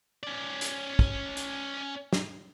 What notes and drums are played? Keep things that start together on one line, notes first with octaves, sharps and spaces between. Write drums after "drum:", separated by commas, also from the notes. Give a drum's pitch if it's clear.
C#4 D5
drum: hi-hat
drum: kick
drum: hi-hat
drum: snare